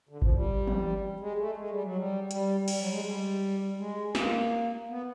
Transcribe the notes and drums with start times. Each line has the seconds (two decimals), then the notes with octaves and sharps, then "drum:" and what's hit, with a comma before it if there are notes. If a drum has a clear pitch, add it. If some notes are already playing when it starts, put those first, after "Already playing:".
0.09 D3
0.22 F3, drum: kick G1
0.34 G3
0.67 drum: tom
1.20 G#3
1.38 A3
1.57 G#3
1.70 G3
1.84 F#3
1.96 G3
2.31 G3, drum: hi-hat
2.68 G3, drum: cymbal
2.80 F#3
2.92 G#3
3.04 G3
3.78 G#3
4.15 A#3, drum: snare
4.89 B3